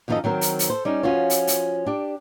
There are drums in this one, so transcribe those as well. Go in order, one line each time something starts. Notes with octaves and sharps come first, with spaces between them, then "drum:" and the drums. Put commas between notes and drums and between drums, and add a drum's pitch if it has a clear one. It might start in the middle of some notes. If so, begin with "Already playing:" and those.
F#2 D#3 F3 D#4 A4 D#5
D#3 F#3 C4 A#4
drum: hi-hat
drum: hi-hat
A4 C5
G3 C#4 D#4
F3 C#4 F4 F#4 C#5
drum: hi-hat
drum: hi-hat
D4 G4